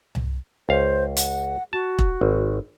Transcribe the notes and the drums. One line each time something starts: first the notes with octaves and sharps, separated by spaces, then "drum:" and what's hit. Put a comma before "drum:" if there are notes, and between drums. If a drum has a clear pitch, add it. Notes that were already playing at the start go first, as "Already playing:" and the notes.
drum: tom C2
C#2 C5 F5
F#5, drum: hi-hat
F#4 A5
drum: kick E1
G#1